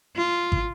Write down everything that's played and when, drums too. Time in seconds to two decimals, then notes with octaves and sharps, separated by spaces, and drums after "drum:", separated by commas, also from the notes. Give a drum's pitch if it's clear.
0.16 F4
0.52 drum: kick